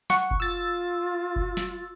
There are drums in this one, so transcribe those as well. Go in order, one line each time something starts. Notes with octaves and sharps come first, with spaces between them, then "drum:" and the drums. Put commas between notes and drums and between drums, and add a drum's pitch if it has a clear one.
F#5 C#6, drum: snare
drum: kick F#1
F4 E6 A6
drum: kick F#1
drum: snare